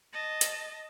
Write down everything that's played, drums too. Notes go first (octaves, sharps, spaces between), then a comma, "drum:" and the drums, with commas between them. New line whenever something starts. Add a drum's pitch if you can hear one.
D#5 A5
drum: hi-hat